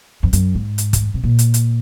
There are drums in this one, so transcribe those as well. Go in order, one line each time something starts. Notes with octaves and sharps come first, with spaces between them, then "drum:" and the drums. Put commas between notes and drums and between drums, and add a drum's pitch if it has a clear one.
F2
F#2, drum: hi-hat
G#2
drum: hi-hat
drum: kick, hi-hat
C3
A#2
drum: hi-hat
drum: hi-hat